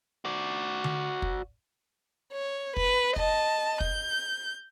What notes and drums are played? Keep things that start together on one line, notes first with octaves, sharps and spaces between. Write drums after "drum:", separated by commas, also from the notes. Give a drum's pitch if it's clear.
F#4 D5
drum: tom D3
drum: kick
C#5
B4, drum: kick
D#5 A5, drum: kick
G6, drum: kick